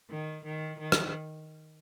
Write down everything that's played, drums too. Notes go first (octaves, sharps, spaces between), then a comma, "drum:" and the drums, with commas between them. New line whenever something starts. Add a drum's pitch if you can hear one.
D#3
D#3
D#3
drum: rim click